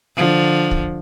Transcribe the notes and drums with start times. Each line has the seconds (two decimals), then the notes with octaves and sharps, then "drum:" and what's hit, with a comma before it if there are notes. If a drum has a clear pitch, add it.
0.17 D3 F3
0.71 drum: kick